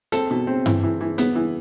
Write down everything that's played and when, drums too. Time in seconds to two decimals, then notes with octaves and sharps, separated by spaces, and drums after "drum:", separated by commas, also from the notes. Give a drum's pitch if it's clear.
0.12 C4 A4, drum: hi-hat
0.31 B2
0.47 C4
0.66 E3, drum: tom G2
0.83 E3
1.01 E3
1.18 B3, drum: hi-hat
1.35 E3